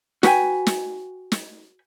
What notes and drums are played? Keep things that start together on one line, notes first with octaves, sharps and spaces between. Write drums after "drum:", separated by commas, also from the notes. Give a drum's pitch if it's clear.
F#4 B4 G5 G#5, drum: snare
drum: snare
drum: snare